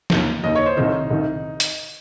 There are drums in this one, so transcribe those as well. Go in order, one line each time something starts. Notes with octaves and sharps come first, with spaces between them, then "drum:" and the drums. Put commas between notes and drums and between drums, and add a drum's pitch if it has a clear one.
D#2 D#3, drum: snare
D#2 D#3 D#5
C#5
C5
C2 C3 D#3 D#4
C2 C3 D#3
drum: hi-hat